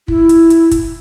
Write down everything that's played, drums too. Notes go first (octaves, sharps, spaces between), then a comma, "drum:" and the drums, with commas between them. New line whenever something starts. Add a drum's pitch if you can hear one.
E4, drum: kick
drum: hi-hat
drum: hi-hat
drum: kick, hi-hat